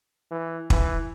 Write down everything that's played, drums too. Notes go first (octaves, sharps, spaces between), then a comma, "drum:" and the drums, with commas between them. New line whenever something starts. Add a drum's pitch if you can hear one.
E3
E3, drum: kick